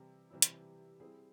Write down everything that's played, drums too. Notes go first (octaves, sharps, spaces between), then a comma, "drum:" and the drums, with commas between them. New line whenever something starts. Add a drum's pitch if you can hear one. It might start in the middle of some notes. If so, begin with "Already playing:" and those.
Already playing: C3 E3 G3 C4 E4
C3 E3 G3 C4 E4
drum: hi-hat
G3 C4 E4 G#4